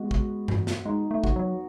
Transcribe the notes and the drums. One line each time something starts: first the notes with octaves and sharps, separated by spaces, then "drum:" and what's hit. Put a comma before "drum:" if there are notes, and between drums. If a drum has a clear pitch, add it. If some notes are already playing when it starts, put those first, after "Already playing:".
Already playing: G#3 B3 F#4
F#4, drum: kick
F#4, drum: tom G2
drum: snare
G#3 D#4
A3
F#4, drum: kick
F#3